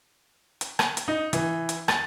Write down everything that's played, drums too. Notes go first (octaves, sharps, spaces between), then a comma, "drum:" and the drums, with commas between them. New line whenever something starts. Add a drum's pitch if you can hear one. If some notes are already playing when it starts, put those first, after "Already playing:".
drum: hi-hat
drum: rim click
drum: hi-hat
D#4
E3, drum: hi-hat
drum: hi-hat
A6, drum: rim click